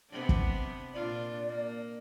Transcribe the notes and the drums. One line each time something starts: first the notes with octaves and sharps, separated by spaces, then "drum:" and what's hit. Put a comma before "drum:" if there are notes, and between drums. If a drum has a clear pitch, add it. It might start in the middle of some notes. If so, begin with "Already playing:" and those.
C3 B3 D4
drum: kick
A#2 D4 F4 D5
A#3